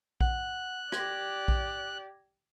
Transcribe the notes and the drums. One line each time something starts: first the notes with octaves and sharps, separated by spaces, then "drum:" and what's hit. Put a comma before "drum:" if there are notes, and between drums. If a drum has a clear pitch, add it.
F#5 F#6, drum: kick A#1
G4 D5 G#6 A#6, drum: rim click
drum: kick A#1